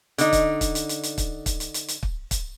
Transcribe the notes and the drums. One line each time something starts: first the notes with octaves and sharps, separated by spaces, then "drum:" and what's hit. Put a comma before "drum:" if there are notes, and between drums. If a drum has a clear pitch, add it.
D3 D#4, drum: hi-hat
drum: kick, hi-hat
drum: kick, hi-hat
drum: hi-hat
drum: hi-hat
drum: hi-hat
drum: kick, hi-hat
drum: kick, hi-hat
drum: hi-hat
drum: hi-hat
drum: hi-hat
drum: kick
drum: kick, hi-hat